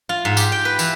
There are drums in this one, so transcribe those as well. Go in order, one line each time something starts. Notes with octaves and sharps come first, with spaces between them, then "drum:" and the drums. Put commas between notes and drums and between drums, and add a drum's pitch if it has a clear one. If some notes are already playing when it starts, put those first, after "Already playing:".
F4
G#2
G4, drum: tambourine
G5
B4
E3, drum: tambourine